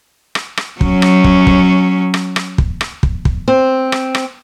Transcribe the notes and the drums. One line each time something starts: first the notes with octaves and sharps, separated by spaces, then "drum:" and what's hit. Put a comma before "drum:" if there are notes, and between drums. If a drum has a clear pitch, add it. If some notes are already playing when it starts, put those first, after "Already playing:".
drum: rim click
drum: rim click
F#3 C#4, drum: kick
drum: rim click
drum: kick
drum: kick
drum: rim click
drum: rim click
drum: kick
drum: rim click
drum: kick
drum: kick
C4
drum: rim click
drum: rim click